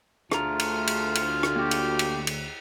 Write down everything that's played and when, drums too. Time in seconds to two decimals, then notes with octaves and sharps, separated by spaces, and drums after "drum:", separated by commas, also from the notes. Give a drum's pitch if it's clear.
0.32 D2 A3 F4 G#4 A#5, drum: rim click
0.59 drum: cymbal
0.87 drum: cymbal
1.15 drum: cymbal
1.43 drum: rim click
1.56 A#3 F#4 G4
1.71 drum: cymbal
1.99 drum: cymbal
2.27 drum: cymbal